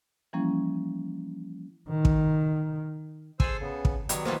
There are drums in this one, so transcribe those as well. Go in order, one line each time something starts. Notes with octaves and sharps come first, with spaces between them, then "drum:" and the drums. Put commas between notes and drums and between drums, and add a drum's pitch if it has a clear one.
E3 F3 G3 A#3 C#4 E4
D#3
drum: kick
G#4 A4 C5 G#5 E6, drum: kick
C#3 B3
drum: kick
D#3 F#3 G3 B3 C#5, drum: hi-hat
E3 G3 A#3 C5